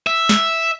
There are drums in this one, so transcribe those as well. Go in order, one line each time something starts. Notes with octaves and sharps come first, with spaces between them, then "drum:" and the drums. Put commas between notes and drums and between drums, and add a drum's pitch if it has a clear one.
E5
drum: snare